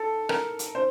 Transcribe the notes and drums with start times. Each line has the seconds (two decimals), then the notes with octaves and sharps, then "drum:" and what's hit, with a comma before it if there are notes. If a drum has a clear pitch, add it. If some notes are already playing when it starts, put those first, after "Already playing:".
Already playing: A4
0.29 A#4, drum: rim click
0.59 drum: hi-hat
0.75 C5